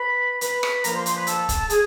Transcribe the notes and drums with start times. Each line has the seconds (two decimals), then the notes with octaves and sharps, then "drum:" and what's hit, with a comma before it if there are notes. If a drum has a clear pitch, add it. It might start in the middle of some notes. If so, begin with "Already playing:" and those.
Already playing: B4 B5
0.41 B4 B5, drum: hi-hat
0.63 drum: rim click
0.84 A#2 F3 A#3 A#4 A#5, drum: hi-hat
0.95 C5 C6
1.06 C5 C6, drum: hi-hat
1.16 B4 B5
1.27 A4 A5, drum: hi-hat
1.49 drum: kick, hi-hat
1.70 G#4 G#5, drum: hi-hat